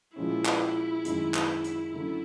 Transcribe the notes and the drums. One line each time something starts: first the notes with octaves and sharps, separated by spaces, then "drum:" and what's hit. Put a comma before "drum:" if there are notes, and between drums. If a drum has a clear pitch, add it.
A#2 F3 G#3 C#4 E4
drum: clap
F#2 D#3 G#3 C#4, drum: hi-hat
drum: clap
drum: hi-hat
D3 F#3 A3 C#4 E4